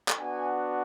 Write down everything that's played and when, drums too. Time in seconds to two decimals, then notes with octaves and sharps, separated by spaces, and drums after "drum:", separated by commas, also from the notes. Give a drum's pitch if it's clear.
0.08 drum: clap
0.18 B3 D4 F#4 G#5